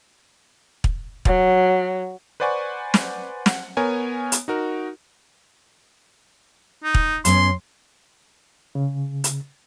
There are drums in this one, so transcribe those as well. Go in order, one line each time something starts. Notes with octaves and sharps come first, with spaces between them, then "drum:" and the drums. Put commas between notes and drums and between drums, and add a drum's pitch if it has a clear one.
drum: kick
F#3, drum: kick
B4 C5 D5 F#5 G#5 C#6
drum: snare
F#5, drum: snare
B3 A#4 C#5 G#5
drum: hi-hat
D#4 F#4 A#4
D#4
drum: kick
F#2 B3 C#4 C6, drum: hi-hat
C#3
drum: hi-hat